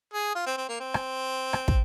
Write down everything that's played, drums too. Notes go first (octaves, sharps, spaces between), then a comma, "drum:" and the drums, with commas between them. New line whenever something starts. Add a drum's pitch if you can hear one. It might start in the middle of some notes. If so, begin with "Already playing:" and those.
G#4
F4
C4
C4
A#3
C4
drum: rim click
drum: rim click
drum: kick